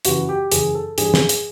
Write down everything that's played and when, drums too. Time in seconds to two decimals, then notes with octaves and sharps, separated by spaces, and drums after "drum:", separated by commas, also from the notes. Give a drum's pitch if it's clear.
0.05 F#2 C#3 E3 F#4, drum: hi-hat
0.29 G4
0.52 F#2 C#3 E3 G#4, drum: hi-hat
0.75 A4
0.98 G2 E3 G#4, drum: hi-hat
1.14 drum: snare
1.29 drum: hi-hat